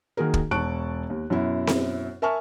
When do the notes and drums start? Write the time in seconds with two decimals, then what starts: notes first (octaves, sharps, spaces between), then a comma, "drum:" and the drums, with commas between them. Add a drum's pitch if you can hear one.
0.17 D#3 A#3 F#4 G#4 A#4
0.34 drum: kick
0.51 E1 A5 C#6 F#6 D7
1.10 D#2
1.30 F#2 B2 E4
1.67 drum: snare C4
2.22 A#4 E5 G#5 A5 C#6 F6